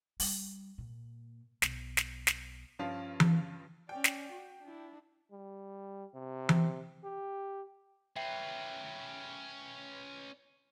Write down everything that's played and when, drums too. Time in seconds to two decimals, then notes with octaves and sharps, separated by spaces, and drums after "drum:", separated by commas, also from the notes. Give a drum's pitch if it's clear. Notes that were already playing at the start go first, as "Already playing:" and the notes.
0.20 G3, drum: open hi-hat
0.78 A#2
1.62 B1, drum: snare
1.97 drum: snare
2.27 drum: snare
2.79 G2 F3 C#4 F4
3.20 drum: tom E3
3.89 C#4 D5 G5
4.04 drum: snare
4.32 F#4
4.63 D4 E4
5.32 G3
6.14 C3
6.49 drum: tom E3
7.04 G4
8.16 C#4 B4 E5 G5 C7